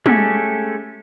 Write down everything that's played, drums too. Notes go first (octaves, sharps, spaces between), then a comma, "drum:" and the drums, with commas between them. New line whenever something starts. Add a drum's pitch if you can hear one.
G#3 A3 C#4 G4 A4, drum: tom